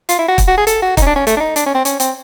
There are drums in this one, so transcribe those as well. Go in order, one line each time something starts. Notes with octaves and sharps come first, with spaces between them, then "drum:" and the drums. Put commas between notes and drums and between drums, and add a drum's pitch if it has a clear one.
F4, drum: hi-hat
E4
F#4
drum: kick, hi-hat
F#4
G#4
A4, drum: hi-hat
F#4
D#4, drum: kick, hi-hat
C#4
D4
C#4
A3, drum: hi-hat
D4
D#4
D4, drum: hi-hat
C#4
C4
C#4, drum: hi-hat
C4, drum: hi-hat